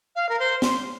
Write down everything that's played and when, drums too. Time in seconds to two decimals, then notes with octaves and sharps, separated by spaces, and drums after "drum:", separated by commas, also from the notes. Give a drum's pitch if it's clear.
0.16 F5
0.29 A#4
0.39 C5
0.62 C6, drum: snare